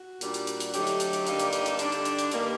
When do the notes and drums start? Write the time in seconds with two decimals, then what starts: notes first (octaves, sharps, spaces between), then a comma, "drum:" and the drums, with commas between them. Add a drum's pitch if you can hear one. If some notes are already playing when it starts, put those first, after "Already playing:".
Already playing: F#4
0.21 A#2 G3 D4, drum: hi-hat
0.34 drum: hi-hat
0.47 drum: hi-hat
0.60 drum: hi-hat
0.74 D3 F#3 A3 D#4 G4, drum: hi-hat
0.87 drum: hi-hat
1.00 drum: hi-hat
1.13 drum: hi-hat
1.27 G2 D3 G3 A#3 D#4, drum: hi-hat
1.39 drum: hi-hat
1.53 drum: hi-hat
1.66 drum: hi-hat
1.79 D3 G3 D4, drum: hi-hat
1.92 drum: hi-hat
2.05 drum: hi-hat
2.19 drum: hi-hat
2.32 G2 D#3 G3 A#3, drum: hi-hat